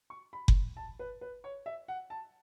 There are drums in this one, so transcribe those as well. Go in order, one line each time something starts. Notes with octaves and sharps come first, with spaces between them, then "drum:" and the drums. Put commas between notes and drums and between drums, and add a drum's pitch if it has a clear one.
C#6
B5
drum: kick F#1
A5
B4
B4
C#5
E5
F#5
A5